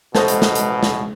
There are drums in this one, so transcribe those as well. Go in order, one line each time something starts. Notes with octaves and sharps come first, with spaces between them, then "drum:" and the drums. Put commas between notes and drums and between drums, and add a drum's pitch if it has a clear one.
A1 B2 A4 C5 D#5, drum: snare
drum: hi-hat
drum: snare
drum: hi-hat
drum: snare